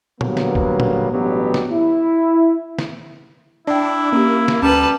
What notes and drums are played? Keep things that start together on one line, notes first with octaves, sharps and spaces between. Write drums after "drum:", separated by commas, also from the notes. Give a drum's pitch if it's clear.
D3 F#3 G3 A#3 B3, drum: tom A#2
drum: snare
drum: kick F#1
drum: tom A#2
A1 G2 B2 F#3 B3 G4
drum: snare
E4
drum: snare
D4 E4 D5 G5
A#3 C#4 G4
drum: snare
D2 G3 C#4 B4 A5